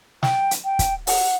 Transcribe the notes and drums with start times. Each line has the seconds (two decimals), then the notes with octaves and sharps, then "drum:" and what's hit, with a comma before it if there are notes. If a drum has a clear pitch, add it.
0.23 G5, drum: snare
0.51 drum: hi-hat
0.64 G5
0.79 drum: kick, hi-hat
1.07 F#5, drum: open hi-hat